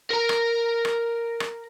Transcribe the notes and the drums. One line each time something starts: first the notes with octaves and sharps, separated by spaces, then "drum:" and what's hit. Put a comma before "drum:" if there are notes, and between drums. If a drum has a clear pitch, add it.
A#4 A#5
drum: rim click
drum: rim click
drum: rim click